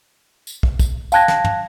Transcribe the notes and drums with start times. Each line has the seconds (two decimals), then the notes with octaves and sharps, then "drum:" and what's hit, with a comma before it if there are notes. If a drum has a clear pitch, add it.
0.47 drum: tambourine
0.63 drum: kick
0.79 drum: kick, tambourine
1.12 F5 G5 A5 F#6 G#6 A#6, drum: tambourine
1.28 drum: snare
1.44 drum: tom